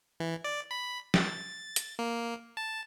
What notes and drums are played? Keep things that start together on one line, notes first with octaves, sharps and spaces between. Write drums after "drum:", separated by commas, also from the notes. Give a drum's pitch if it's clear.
E3
D5
B5
A6, drum: snare
drum: hi-hat
A#3
A5